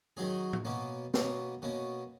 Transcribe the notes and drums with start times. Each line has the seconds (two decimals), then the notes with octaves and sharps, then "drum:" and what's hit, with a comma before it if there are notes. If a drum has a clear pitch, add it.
0.17 D#3 F#3 C#4 G#4
0.53 drum: tom A2
0.65 B2 A#3 C#4
1.14 B2 A#3 C#4, drum: snare
1.62 B2 A#3 C#4